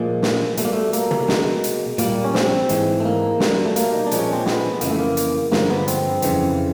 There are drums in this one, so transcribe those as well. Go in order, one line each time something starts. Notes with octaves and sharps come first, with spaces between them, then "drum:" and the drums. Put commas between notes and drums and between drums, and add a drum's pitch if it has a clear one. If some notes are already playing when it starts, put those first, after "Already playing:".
Already playing: A#2 F3 G#3 A#3
drum: snare
B2 G3 A3, drum: hi-hat
A#3
A3
A#3, drum: hi-hat
drum: tom
B2 G#3, drum: snare
drum: hi-hat
A#2 G3 A#3, drum: hi-hat
C#4
C4, drum: snare
G#2 E3 G#3, drum: hi-hat
A3
A#3
B2 G3, drum: snare
A3
A#3, drum: hi-hat
D#4
D4
A#2 F3 G#3, drum: hi-hat
C#4
C4
B3, drum: snare
F2 C#3 E3 G#3 A#3, drum: hi-hat
A3
A#3
drum: hi-hat
G2 D3 F3 G#3 A#3, drum: snare
B3
C4, drum: hi-hat
F2 C#3 E3, drum: hi-hat